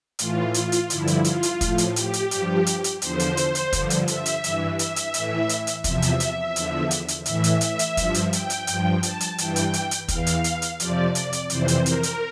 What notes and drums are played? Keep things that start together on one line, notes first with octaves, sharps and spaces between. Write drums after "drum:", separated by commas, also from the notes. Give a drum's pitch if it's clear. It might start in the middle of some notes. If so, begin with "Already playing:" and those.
A2 E3 F4, drum: hi-hat
F4, drum: hi-hat
drum: hi-hat
G2 D3 F3 E4, drum: hi-hat
drum: hi-hat
F4, drum: hi-hat
drum: hi-hat
A2 F3, drum: kick, hi-hat
drum: hi-hat
G4, drum: hi-hat
drum: hi-hat
G2 F3, drum: hi-hat
drum: hi-hat
drum: hi-hat
E2 D3 F3 C5, drum: hi-hat
drum: hi-hat
drum: hi-hat
drum: hi-hat
G2 D3 F3, drum: kick, hi-hat
drum: hi-hat
E5, drum: hi-hat
drum: hi-hat
G2 E3, drum: hi-hat
E5, drum: hi-hat
drum: hi-hat
A2 E3, drum: hi-hat
drum: hi-hat
drum: hi-hat
E2 C3 F3 E5, drum: kick, hi-hat
drum: hi-hat
drum: hi-hat
E2 D3 F3, drum: hi-hat
drum: hi-hat
drum: hi-hat
A2 E3 E5, drum: hi-hat
drum: hi-hat
E5, drum: hi-hat
drum: hi-hat
G2 F3, drum: kick, hi-hat
drum: hi-hat
G5, drum: hi-hat
drum: hi-hat
G2 F3, drum: hi-hat
A5, drum: hi-hat
drum: hi-hat
G2 E3 G5, drum: hi-hat
drum: hi-hat
drum: hi-hat
drum: hi-hat
E2 E3 F5, drum: kick, hi-hat
drum: hi-hat
drum: hi-hat
drum: hi-hat
F2 C3 F3 D5, drum: hi-hat
D5, drum: hi-hat
drum: hi-hat
F2 C3 E3 C5, drum: hi-hat
drum: hi-hat
A#4, drum: hi-hat
drum: hi-hat